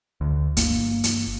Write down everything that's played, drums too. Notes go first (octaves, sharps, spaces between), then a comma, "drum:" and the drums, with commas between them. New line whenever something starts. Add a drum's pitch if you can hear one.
D2
G1 A#3, drum: hi-hat
drum: hi-hat